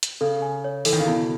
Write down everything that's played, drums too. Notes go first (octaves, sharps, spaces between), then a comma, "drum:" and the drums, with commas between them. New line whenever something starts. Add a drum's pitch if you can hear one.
drum: hi-hat
C#3 A4
G#5
C#5
E3 A4, drum: open hi-hat
D#3
C#3
B2 E4